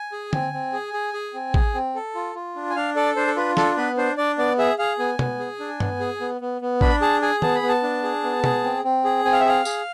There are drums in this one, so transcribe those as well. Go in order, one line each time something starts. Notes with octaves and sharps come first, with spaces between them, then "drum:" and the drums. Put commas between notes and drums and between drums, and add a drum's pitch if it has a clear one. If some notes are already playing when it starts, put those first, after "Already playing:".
Already playing: G#5
G#4
C4, drum: tom D3
C4
G#4
G#4
G#4
C4
G#4, drum: kick
C4
A4
F4
F4
D4
G#5
D4 F5
A4 D5
D4 C5
A4
F4 B4
D4 A4, drum: snare
B3 B4
D4 C5
D4 D5
B3 D5
G#4 E5
G#4 F5
B3 G#5
B3, drum: tom
G#4
D4
B3, drum: tom G2
G#4
B3
B3
B3
D4 B5, drum: kick
G#4 A5
G#4 G#5
B3 A5, drum: tom
B5
B3
A5
D4
G#4
B3
G#4, drum: tom
C4
C4
G#4
C4 G#5
F5
E5
G#4 F5
G#4, drum: tambourine